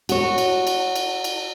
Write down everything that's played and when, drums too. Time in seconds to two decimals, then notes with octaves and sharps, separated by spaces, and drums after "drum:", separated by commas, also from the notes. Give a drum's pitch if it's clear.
0.09 F#4 C#5, drum: cymbal
0.38 drum: cymbal
0.67 drum: cymbal
0.96 drum: cymbal
1.24 drum: cymbal